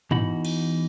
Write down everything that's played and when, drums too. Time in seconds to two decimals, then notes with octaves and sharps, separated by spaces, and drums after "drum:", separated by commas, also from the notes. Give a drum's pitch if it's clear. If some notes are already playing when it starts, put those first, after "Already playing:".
0.11 E2 E3 D#4 F#4 B5, drum: tom
0.45 drum: cymbal